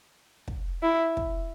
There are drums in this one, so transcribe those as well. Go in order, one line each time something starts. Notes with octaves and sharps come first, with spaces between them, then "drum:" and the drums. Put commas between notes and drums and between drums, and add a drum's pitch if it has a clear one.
drum: kick
E4
drum: kick